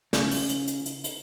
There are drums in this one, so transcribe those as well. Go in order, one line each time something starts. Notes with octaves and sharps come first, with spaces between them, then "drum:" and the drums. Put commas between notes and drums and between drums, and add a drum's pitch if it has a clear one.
C#3, drum: snare
drum: open hi-hat
drum: hi-hat
drum: hi-hat
drum: hi-hat
drum: hi-hat